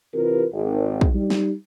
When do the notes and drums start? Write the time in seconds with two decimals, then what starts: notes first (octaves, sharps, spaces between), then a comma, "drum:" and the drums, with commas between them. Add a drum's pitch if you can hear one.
0.14 C3 E3 F4 G4 A#4 B4
0.52 G#1
1.01 drum: kick
1.14 G3 D#4
1.30 drum: snare